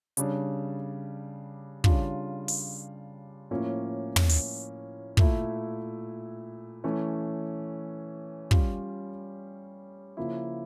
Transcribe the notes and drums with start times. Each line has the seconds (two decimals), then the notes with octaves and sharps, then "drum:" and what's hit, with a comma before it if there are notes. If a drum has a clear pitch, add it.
0.17 C#3 G3 D4, drum: hi-hat
1.84 C#3 G3 D4 F4, drum: kick
2.48 drum: open hi-hat
3.51 A2 F3 A#3 C#4
4.16 drum: tom
4.29 drum: open hi-hat
5.17 A#2 A3 E4, drum: kick
6.84 E3 A3 C#4
8.51 G3 C#4 F4, drum: kick
10.17 C#3 F3 A#3 E4